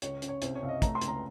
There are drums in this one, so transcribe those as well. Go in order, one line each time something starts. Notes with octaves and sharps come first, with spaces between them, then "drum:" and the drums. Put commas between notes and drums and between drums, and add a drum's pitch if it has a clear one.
C#2 C#5, drum: hi-hat
C#3, drum: hi-hat
C#5
C2 C5, drum: hi-hat
C#5
C2 F5
D#5
A3 A#5, drum: kick, hi-hat
C6
C#2, drum: hi-hat
A#5